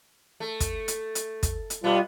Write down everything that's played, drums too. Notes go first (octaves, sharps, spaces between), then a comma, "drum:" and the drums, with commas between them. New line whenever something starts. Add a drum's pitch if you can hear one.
A3
drum: kick, hi-hat
drum: hi-hat
drum: hi-hat
drum: kick, hi-hat
drum: hi-hat
B2 G3 B3 F4